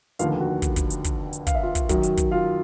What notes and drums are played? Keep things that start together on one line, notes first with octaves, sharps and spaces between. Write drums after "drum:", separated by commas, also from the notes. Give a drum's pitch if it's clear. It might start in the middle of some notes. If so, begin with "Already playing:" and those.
F1 D#2 D3 F4 F5, drum: hi-hat
F#4 F#5
drum: kick, hi-hat
drum: kick, hi-hat
drum: hi-hat
drum: kick, hi-hat
drum: hi-hat
F5, drum: kick, hi-hat
E5
F4 F5
drum: kick, hi-hat
F#2 D#3 F#3, drum: kick, hi-hat
drum: hi-hat
drum: kick, hi-hat
F4 F5